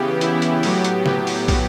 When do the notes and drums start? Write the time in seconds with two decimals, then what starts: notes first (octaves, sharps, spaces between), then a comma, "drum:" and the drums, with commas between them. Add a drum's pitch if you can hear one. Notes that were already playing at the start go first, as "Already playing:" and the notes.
Already playing: C#3 E3 B3 G4
0.21 E4, drum: hi-hat
0.42 drum: hi-hat
0.63 A2 F#3 B3 G4, drum: open hi-hat
0.84 drum: hi-hat
1.06 G4, drum: snare
1.27 drum: open hi-hat
1.48 drum: kick, open hi-hat